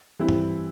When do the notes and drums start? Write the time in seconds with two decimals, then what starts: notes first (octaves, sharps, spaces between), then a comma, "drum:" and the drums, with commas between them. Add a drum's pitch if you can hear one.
0.19 E3 G3 C4 E4
0.29 drum: tom G2